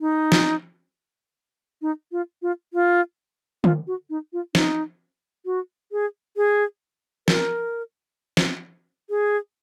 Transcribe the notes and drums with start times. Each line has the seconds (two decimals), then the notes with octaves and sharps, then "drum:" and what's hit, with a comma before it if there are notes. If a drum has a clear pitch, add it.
0.01 D#4
0.32 drum: snare
1.82 D#4
2.12 F4
2.42 F4
2.73 F4
3.64 F4, drum: tom D3
3.87 F#4
4.10 D#4
4.33 F4
4.55 D#4, drum: snare
5.45 F#4
5.92 G#4
6.37 G#4
7.28 A#4, drum: snare
8.37 drum: snare
9.10 G#4